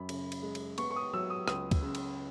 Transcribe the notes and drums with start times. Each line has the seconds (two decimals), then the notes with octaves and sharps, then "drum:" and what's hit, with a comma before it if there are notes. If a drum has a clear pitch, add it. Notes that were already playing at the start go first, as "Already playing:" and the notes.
Already playing: F#2 B5
0.09 C#3, drum: cymbal
0.32 drum: cymbal
0.43 G#3
0.55 drum: cymbal
0.78 B3 C#6, drum: cymbal
0.91 C#6
0.96 D#6
1.13 F#3 E6
1.30 D#6
1.48 C#2 D#6, drum: rim click
1.71 drum: kick, cymbal
1.82 C#3
1.95 drum: cymbal